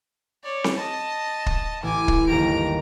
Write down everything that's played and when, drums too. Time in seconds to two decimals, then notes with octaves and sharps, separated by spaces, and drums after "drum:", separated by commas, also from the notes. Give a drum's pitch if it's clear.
0.44 C#5 D5
0.64 drum: snare C4
0.75 D#5 A5
1.46 drum: kick
1.83 A1 G#5 D6
2.08 drum: kick
2.27 G1 D#2 G4 A#5 D7